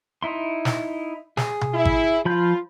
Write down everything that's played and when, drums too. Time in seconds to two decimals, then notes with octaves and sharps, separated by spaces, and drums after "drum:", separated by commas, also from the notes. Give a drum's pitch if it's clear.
0.23 D#4 E4 C6
0.65 drum: snare
1.37 G#4, drum: snare
1.61 drum: tom B2
1.74 E4
1.85 drum: kick G#1
2.25 F3 F4 B5 G6